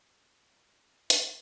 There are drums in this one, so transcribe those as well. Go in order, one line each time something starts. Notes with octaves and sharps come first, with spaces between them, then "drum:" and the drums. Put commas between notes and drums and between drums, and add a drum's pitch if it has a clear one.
B3
drum: hi-hat